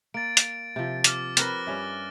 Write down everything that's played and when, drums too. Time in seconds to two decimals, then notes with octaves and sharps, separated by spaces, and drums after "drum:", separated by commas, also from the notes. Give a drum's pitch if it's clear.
0.14 A#3 A6 D7
0.37 drum: hi-hat
0.76 C3 F3
1.04 D6 F6, drum: hi-hat
1.37 C4 A#4 B4 F6 F#6 A#6, drum: hi-hat
1.67 G2 C#4 E5